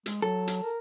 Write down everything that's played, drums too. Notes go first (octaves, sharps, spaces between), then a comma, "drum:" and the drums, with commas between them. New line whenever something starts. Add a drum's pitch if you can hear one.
G#3, drum: hi-hat
F#3 A4
drum: hi-hat
A#4